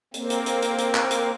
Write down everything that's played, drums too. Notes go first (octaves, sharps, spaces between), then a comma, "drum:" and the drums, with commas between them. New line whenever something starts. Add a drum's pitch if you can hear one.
A#3 C4, drum: hi-hat
drum: hi-hat
drum: hi-hat
drum: hi-hat
drum: hi-hat
drum: clap
drum: hi-hat